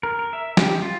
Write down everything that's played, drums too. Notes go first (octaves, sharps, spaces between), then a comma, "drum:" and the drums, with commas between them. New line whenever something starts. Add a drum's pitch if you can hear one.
A#4
A#4
E5
G4, drum: snare
F4